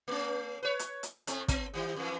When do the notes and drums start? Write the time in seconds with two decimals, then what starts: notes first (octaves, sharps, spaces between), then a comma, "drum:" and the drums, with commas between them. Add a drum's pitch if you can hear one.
0.08 A3 C#4
0.63 B4 C#5
0.79 drum: hi-hat
1.03 drum: hi-hat
1.27 A2 A3 C4, drum: hi-hat
1.48 B3, drum: kick, hi-hat
1.74 D#3 G3
1.96 F2 E3